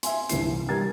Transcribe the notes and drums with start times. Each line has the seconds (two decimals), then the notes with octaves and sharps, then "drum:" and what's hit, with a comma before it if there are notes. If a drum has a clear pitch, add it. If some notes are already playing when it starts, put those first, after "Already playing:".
0.03 E5 G#5 C6, drum: hi-hat
0.29 C2 G2 E3 C7, drum: hi-hat
0.69 G3 A#4 A#5 G#6 A6